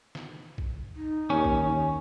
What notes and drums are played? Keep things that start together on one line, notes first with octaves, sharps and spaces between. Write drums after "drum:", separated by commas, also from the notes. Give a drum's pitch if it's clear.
drum: snare
drum: kick
D#4
D#2 C#4
drum: kick